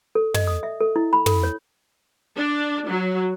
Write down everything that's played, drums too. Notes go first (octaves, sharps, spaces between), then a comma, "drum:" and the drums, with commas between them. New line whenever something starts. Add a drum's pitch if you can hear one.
A4
D#5, drum: tom
D#6
E5
A4
E4
B5
A4, drum: tom
C#5
D4
F#3